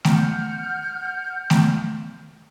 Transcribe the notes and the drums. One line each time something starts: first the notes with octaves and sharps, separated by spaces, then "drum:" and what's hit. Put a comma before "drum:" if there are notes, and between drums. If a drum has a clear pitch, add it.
F#5 F6 G6, drum: snare A3
drum: snare A3